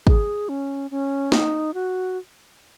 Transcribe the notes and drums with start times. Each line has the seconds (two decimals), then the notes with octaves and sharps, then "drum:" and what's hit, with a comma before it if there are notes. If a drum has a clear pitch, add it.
0.07 G#4, drum: kick
0.49 C#4
0.91 C#4
1.32 D#4, drum: snare
1.74 F#4